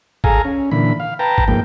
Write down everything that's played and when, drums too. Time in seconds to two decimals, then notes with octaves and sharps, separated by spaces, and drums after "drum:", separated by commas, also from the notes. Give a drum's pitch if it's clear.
0.24 G#4 A4 F5 G#5 A#5, drum: kick G#1
0.45 C#4
0.71 A#2 D3 E3 B5
1.00 F5
1.19 B4 G5 A5 A#5
1.38 drum: kick G#1
1.48 G#2 F3 A#3 G5